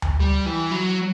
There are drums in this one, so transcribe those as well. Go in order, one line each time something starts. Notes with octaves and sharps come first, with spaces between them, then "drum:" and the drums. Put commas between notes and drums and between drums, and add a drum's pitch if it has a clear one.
drum: tom D2
G3
E3
F#3